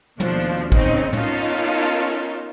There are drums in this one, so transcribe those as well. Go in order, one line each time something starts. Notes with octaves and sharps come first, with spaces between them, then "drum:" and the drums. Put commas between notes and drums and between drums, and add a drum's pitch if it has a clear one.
D#2 B2 F3 A3 D4, drum: tom
C#3 C4 C#4 D#4, drum: kick
drum: tom
B3 C#4 D#4 F4 A4 A#4, drum: tom